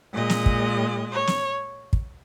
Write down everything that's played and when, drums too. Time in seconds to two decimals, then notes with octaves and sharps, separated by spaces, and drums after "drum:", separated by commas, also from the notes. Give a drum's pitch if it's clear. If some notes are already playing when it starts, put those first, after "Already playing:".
0.13 A#2 G#3 D#5
0.30 drum: snare
0.46 drum: kick
1.11 C#5
1.27 drum: snare
1.93 drum: kick